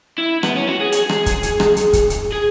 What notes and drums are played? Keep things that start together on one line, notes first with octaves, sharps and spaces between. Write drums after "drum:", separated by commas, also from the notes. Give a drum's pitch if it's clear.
E4
B3, drum: rim click
C#4
F#4
G#4
G#4, drum: hi-hat
drum: rim click
drum: kick, hi-hat
drum: hi-hat
drum: rim click
drum: hi-hat
drum: kick, hi-hat
drum: hi-hat
G#4